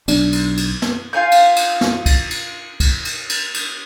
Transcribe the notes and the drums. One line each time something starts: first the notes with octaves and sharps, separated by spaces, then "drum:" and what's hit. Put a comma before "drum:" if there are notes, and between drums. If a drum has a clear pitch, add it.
B1 D4, drum: cymbal
drum: cymbal
drum: cymbal
drum: snare
F4 F5 G#5 G6
drum: cymbal
drum: cymbal
drum: snare
drum: kick, cymbal
drum: cymbal
drum: kick, cymbal
drum: cymbal
drum: cymbal
drum: cymbal